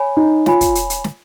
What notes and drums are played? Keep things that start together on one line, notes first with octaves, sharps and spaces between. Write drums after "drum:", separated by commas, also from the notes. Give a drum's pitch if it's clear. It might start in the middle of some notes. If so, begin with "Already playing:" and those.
Already playing: C#5 G#5 B5
D#4
F4 C#5 G#5 B5, drum: snare
drum: kick, hi-hat
drum: hi-hat
drum: hi-hat
drum: snare